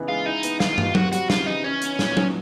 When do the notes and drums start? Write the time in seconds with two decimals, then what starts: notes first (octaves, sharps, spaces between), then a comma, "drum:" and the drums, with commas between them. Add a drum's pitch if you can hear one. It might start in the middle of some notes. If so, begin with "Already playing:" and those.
Already playing: C#3 E3 B3 D#4
0.08 G#3 F4
0.26 D#4 E4
0.43 B3, drum: hi-hat
0.60 D#3 F4, drum: snare
0.78 G3, drum: tom
0.95 C4 F#4, drum: tom F#3
1.13 G3 F#4, drum: hi-hat
1.30 C#3 F4, drum: snare
1.47 E3 D#4
1.64 C#4 D#4
1.82 B3, drum: hi-hat
1.99 A#2, drum: snare
2.17 F#3, drum: tom F#3